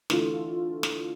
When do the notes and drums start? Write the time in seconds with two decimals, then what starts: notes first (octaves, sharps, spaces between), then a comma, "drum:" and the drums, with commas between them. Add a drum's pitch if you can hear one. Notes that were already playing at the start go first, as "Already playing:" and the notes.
0.10 D3 E3 A3 F4, drum: snare
0.83 drum: snare